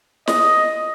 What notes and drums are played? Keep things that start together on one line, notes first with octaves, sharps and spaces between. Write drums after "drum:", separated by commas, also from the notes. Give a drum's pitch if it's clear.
D#5, drum: snare